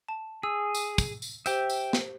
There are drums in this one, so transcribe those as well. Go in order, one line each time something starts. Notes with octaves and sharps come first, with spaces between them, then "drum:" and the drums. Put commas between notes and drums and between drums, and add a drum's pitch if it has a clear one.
A5
G#4 E6
drum: tambourine
drum: kick, tambourine
drum: tambourine
G4 C5 E5 G5 G6, drum: tambourine
drum: tambourine
drum: snare